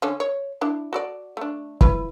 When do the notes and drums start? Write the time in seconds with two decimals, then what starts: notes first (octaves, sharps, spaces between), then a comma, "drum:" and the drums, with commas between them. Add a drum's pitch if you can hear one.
0.02 D3 C#4 A4
0.20 C#5
0.61 D4 E4
0.93 F#4 A4 D5
1.37 A3 D4
1.81 E4 F4 B4, drum: kick